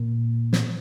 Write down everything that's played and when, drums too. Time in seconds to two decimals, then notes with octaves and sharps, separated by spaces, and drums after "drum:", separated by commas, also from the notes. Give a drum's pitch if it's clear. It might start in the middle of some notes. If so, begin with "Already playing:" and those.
Already playing: A#2
0.53 drum: snare